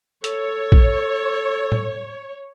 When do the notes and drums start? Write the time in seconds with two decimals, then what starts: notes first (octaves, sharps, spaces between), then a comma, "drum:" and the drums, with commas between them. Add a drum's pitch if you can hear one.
0.24 A4 C#5, drum: hi-hat
0.72 drum: kick
1.72 drum: tom A2